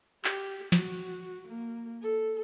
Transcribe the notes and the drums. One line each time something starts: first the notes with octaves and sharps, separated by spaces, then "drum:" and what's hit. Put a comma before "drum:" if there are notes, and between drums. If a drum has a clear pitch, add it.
G4, drum: clap
F#4, drum: snare
A#3
A4